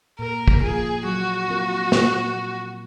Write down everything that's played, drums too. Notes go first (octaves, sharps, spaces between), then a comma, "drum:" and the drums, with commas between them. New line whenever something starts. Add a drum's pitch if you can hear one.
A#2 A#4
drum: kick
F3 A#3 F4 G#4
F#3 F#4
C4 F4 A#4
A#2, drum: snare